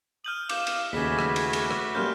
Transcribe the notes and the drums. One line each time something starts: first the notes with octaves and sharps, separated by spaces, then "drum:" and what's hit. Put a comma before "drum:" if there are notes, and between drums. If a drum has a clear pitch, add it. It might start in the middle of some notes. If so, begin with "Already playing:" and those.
D#6 F6 G6 F#7
F5 D6 G6 E7, drum: cymbal
drum: cymbal
D#2 C#3 A3 F#4 G#4 B4 B6
drum: rim click
drum: cymbal
drum: cymbal
drum: rim click
G3 A#3 C#4 C6 F6 G6